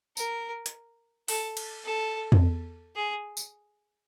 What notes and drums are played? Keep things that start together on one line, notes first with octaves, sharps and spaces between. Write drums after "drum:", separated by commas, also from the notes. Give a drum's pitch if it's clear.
A#4, drum: tambourine
drum: hi-hat
A4, drum: open hi-hat
drum: cymbal
A4
drum: tom E2
G#4
drum: tambourine